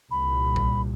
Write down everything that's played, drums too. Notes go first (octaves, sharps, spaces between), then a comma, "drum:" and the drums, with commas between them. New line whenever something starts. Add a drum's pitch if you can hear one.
C2 A#2 B5
drum: kick A#1